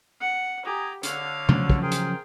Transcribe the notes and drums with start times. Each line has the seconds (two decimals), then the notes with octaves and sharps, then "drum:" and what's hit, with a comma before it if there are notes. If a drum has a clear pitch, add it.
0.21 F#5
0.65 G4 G#5 A#5 D#6
1.03 D3 C#5 F5, drum: hi-hat
1.49 C#3 F3 F#3, drum: tom C3
1.70 drum: kick
1.81 G#4 A#4 C5 G5
1.92 drum: hi-hat